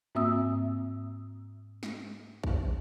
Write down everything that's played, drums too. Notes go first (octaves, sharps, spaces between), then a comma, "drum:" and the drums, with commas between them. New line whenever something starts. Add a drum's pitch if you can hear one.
G#2 A#3 C4 E5 D#6 E6
drum: snare
drum: kick A1